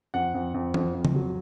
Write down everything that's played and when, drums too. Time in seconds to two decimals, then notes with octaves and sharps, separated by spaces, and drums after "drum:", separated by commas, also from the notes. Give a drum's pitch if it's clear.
0.14 F2 F#5
0.34 F2
0.54 F2
0.74 F2, drum: tom E3
0.95 F2
1.05 drum: tom C#3
1.15 F#3